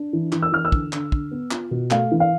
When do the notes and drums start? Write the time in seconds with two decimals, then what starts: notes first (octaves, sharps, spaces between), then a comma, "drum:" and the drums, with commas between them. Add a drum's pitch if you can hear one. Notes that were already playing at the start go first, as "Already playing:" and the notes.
Already playing: D4
0.13 E3
0.32 E3, drum: clap
0.42 E6
0.52 E3 F6
0.65 E6
0.72 D3, drum: kick
0.93 D3, drum: clap
1.12 D3, drum: kick
1.31 B3
1.51 F4, drum: clap
1.71 B2
1.91 A3 F5, drum: clap
2.11 E3
2.20 F5